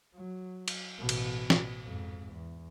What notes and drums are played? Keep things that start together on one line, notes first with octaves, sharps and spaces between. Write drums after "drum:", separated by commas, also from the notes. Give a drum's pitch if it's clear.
F#3
drum: cymbal
A1 B2
drum: cymbal
drum: snare
F2 G#2
E2